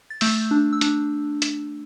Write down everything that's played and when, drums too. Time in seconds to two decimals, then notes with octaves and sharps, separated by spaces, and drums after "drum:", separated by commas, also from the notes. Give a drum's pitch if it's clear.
0.10 A6
0.21 A3 E6 G6, drum: open hi-hat
0.51 D4
0.73 E6
0.81 D4, drum: hi-hat
1.42 drum: hi-hat